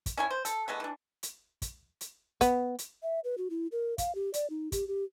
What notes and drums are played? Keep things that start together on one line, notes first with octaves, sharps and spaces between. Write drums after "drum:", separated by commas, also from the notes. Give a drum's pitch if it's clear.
drum: kick, hi-hat
C#4 E4 C#5 G#5
C5
A4, drum: hi-hat
E3 G#3 A3 B3
E3 D4
drum: hi-hat
drum: kick, hi-hat
drum: hi-hat
B3, drum: kick, hi-hat
drum: hi-hat
E5
B4
F#4
E4
A#4
F5, drum: kick, hi-hat
G4
D5, drum: hi-hat
D#4
G4, drum: kick, hi-hat
G4